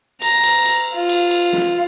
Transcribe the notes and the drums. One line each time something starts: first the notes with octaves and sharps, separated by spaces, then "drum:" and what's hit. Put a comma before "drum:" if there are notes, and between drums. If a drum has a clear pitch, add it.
A#5, drum: cymbal
drum: cymbal
drum: cymbal
F4
drum: cymbal
drum: cymbal
drum: snare